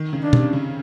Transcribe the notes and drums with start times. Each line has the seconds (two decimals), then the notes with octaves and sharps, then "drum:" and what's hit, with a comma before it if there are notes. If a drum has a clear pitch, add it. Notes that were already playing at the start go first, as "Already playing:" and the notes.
Already playing: D#3
0.13 C#3
0.23 D4
0.33 C3, drum: tom B2
0.53 C#3